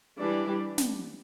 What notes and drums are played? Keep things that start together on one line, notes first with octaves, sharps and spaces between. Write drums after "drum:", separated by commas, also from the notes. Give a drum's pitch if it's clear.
E3 G3 D4 G4 D5
drum: snare